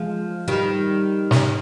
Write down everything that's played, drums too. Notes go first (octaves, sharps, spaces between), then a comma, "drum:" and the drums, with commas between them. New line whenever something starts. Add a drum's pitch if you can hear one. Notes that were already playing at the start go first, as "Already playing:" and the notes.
Already playing: F3 G#3
D#3 G3
drum: snare